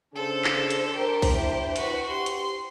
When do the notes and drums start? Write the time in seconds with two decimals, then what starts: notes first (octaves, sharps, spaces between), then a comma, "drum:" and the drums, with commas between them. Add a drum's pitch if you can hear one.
0.15 C#3 D4 A4 C5
0.44 drum: clap
0.70 drum: hi-hat
0.96 G4 A#4
1.22 drum: kick B1, open hi-hat
1.33 E4
1.76 F#4 B4, drum: hi-hat
2.09 G4 C6
2.26 drum: hi-hat